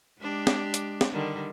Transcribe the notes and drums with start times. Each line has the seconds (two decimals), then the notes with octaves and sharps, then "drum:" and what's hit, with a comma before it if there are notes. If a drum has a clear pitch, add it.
0.20 G#3 D4 G4
0.47 drum: snare
0.74 drum: hi-hat
1.01 drum: snare
1.12 D3 D#3 G3